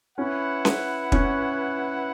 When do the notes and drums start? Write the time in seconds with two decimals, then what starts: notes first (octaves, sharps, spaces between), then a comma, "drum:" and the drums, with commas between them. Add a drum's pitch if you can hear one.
0.18 C#4 E4 B4 F#5
0.65 drum: snare C#4
1.12 C#4, drum: kick